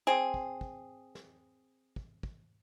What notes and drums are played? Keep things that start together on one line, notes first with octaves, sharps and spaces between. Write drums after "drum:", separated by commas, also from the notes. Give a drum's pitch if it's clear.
C4 G#4
drum: kick
drum: kick
drum: snare
drum: kick
drum: kick